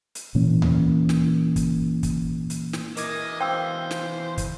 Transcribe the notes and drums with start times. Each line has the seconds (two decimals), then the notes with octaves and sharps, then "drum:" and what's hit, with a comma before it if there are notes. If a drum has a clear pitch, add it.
0.15 drum: hi-hat
0.35 A#2 E3 A#3 C#4
0.62 drum: tom D2
1.09 drum: snare
1.56 drum: kick, hi-hat
2.03 drum: kick, hi-hat
2.50 drum: hi-hat
2.73 drum: snare
2.97 E3 G#3 A#4 D#5 D6 G#6, drum: hi-hat
3.41 C5 F5 G5 E6
3.91 drum: snare
4.38 drum: kick, hi-hat